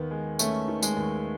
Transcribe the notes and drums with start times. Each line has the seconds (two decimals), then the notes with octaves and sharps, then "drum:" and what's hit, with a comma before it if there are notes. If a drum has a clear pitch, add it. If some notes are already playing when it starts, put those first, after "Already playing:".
Already playing: D#2 D#3 B3
0.11 G#3
0.39 A3 C#4, drum: tambourine
0.68 D#3
0.83 G#3, drum: tambourine
0.97 D#2